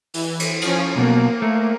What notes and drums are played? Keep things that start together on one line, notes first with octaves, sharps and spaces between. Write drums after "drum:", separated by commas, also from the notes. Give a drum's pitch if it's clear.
E3, drum: open hi-hat
drum: cymbal
F3 C#4, drum: cymbal
B1 B2 A#3
A3